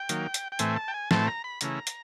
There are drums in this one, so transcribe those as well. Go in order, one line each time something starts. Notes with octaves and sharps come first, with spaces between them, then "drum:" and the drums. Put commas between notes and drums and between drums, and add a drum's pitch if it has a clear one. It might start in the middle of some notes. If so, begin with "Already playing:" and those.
Already playing: G5
D#3 F#3 A#3, drum: hi-hat
drum: hi-hat
G5
A2 E3 A3 C4 G#5, drum: hi-hat
A5
G5
G#5
A2 E3 A3 C4 A5, drum: snare
A#5
B5
C#3 E3 A3 C#4 E4 A#5, drum: hi-hat
drum: hi-hat